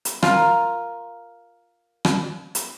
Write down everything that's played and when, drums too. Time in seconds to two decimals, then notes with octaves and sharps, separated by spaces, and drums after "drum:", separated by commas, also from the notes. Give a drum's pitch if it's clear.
0.05 drum: hi-hat
0.23 F4 A#4, drum: rim click
2.05 drum: rim click
2.55 drum: hi-hat